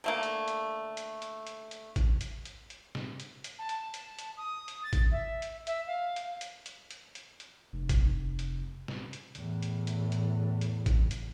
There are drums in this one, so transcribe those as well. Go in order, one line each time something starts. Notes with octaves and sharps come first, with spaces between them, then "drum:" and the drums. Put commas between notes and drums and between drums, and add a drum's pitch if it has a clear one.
D3 A3 A#3
drum: hi-hat
drum: hi-hat
drum: hi-hat
drum: hi-hat
drum: hi-hat
drum: hi-hat
drum: kick A1, hi-hat
drum: hi-hat
drum: hi-hat
drum: hi-hat
drum: snare
drum: hi-hat
drum: hi-hat
A5
drum: hi-hat
drum: hi-hat
drum: hi-hat
D#6
drum: hi-hat
A6
drum: kick A1, hi-hat
E5
drum: hi-hat
E5, drum: hi-hat
F5
drum: hi-hat
drum: hi-hat
drum: hi-hat
drum: hi-hat
drum: hi-hat
drum: hi-hat
F1
drum: kick A1, hi-hat
drum: hi-hat
drum: snare
drum: hi-hat
E2 A2, drum: hi-hat
drum: hi-hat
drum: hi-hat
drum: hi-hat
drum: hi-hat
drum: kick A1, hi-hat
drum: hi-hat